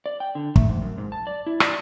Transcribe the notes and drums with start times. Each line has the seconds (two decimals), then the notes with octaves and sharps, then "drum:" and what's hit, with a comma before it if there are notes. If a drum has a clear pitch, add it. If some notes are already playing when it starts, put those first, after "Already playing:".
0.06 D5
0.20 G5
0.35 D3
0.56 A3, drum: kick
0.69 G#2
0.82 F#2
0.98 G#2
1.12 A5
1.27 D5
1.46 E4
1.60 D5, drum: rim click